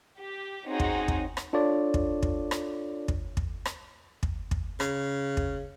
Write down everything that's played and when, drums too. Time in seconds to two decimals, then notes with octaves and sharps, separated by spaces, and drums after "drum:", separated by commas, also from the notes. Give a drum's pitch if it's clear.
0.17 G4
0.67 C4 C#4 D#4 F#4 G#4
0.80 drum: kick
1.08 drum: kick
1.37 drum: rim click
1.53 D4 F4 A4 C#5 D5
1.94 drum: kick
2.23 drum: kick
2.51 drum: rim click
3.08 drum: kick
3.37 drum: kick
3.65 drum: rim click
4.23 drum: kick
4.51 drum: kick
4.80 C#3, drum: rim click
5.37 drum: kick